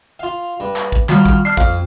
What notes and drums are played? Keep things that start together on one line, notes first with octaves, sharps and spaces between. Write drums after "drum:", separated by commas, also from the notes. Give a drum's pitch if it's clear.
F4 F5
G2
drum: clap
drum: kick
D#3 F#3 G3 F4, drum: clap
drum: kick
D4 F6 C7
F2 F5, drum: kick